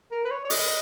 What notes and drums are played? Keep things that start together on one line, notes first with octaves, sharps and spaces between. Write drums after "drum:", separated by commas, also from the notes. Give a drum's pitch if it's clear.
A#4
B4
C#5
C#5
D#5, drum: open hi-hat